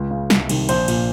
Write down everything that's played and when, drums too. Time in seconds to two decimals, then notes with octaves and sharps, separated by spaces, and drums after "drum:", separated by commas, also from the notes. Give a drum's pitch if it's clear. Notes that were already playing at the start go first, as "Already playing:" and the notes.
Already playing: C#2
0.11 C#3
0.30 C2, drum: snare
0.49 C3 D#3, drum: cymbal
0.69 A#1 C5, drum: cymbal
0.88 A#2, drum: cymbal